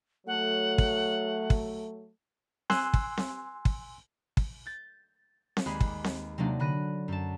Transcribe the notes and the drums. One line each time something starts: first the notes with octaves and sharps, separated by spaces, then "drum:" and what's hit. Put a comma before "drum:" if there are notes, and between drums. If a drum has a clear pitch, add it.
F#3 A3 F#5
drum: kick
drum: kick
G#5 C6 E6 F#6, drum: snare C4
drum: kick
drum: snare C4
drum: kick
drum: kick
G6 A6
drum: snare C4
D#2 G#3 G4 G#4 B5 F#6
drum: kick
drum: snare C4
C3 F#3 A#3 D4 D#4
D3 B5 F#6 A#6 D#7
F#2 A5